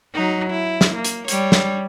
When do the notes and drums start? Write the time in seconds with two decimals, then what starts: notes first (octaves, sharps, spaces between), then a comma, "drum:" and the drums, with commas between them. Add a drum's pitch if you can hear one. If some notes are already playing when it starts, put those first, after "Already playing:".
0.14 F#3 D#4
0.51 E4
0.81 drum: snare
0.95 A#3
1.05 drum: hi-hat
1.28 G3 C#5, drum: hi-hat
1.52 drum: snare